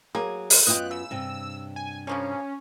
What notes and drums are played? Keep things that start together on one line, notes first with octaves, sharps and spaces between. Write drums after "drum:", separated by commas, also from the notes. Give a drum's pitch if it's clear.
F#3 A#3 G#4
drum: open hi-hat
F#2 B3 F4 D#5 G5 F#6
C#3 E6
G2 C3
G#5
C#3 F3 A#3 C#4